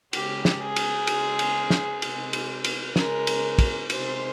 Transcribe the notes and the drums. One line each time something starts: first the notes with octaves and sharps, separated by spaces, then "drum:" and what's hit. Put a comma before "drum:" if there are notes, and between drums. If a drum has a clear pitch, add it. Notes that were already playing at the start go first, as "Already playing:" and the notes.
C#3 G#3 G4, drum: cymbal
drum: snare
G#4
drum: cymbal
C#3 G#3, drum: cymbal
drum: cymbal
drum: snare
C3 D#3 G#3, drum: cymbal
drum: cymbal
drum: cymbal
C#3 G#3 A#4, drum: snare
drum: cymbal
drum: kick, cymbal
C3 D#3 G#3 C5, drum: cymbal